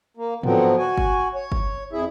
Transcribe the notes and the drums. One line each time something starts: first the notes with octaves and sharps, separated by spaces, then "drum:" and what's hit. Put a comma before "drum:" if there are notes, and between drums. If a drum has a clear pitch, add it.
A#3
D3 F3 F#3 B3 C4, drum: tom G#2
F#4 G#5
drum: kick G1
C#5
drum: kick G1
F2 E4 G#4 E5